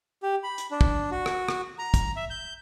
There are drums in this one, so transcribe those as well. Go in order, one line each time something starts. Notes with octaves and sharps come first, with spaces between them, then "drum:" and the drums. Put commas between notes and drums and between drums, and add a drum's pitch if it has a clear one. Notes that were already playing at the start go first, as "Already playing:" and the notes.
G4
B5
drum: hi-hat
D4
drum: kick
F#4
drum: rim click
drum: rim click
A#5
drum: kick, hi-hat
E5
G6